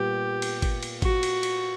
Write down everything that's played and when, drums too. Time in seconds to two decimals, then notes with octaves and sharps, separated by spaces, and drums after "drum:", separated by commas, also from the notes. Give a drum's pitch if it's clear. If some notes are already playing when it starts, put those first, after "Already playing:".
Already playing: A#2 G3 B3 G4
0.42 drum: cymbal
0.62 drum: kick G#1, cymbal
0.83 drum: cymbal
1.02 F#4, drum: kick G#1, cymbal
1.23 drum: cymbal
1.43 drum: cymbal